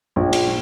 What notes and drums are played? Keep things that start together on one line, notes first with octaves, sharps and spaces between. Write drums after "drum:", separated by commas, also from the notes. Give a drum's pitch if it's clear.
A#1
drum: cymbal